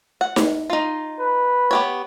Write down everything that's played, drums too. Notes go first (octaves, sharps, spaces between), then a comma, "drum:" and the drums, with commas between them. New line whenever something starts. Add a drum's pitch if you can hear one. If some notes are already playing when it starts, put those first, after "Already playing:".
F#5
drum: snare D#4
D#4 F4
B4
B3 G4 C#5